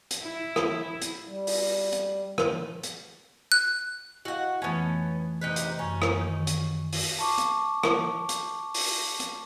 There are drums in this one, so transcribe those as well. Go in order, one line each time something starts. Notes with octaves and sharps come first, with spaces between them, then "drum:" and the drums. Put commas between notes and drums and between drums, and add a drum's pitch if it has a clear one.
drum: hi-hat
E4
drum: rim click
drum: hi-hat
G3
drum: open hi-hat
drum: hi-hat
drum: rim click
drum: hi-hat
F#6
E4 F#4 D#5 F5 F#5
F2 E3 A3 B3 C#4
C3 D#4 B4
drum: hi-hat
F#2 C#4
drum: rim click
D#3
drum: hi-hat
drum: open hi-hat
A5 C#6 D6
drum: hi-hat
drum: rim click
drum: hi-hat
drum: open hi-hat
drum: hi-hat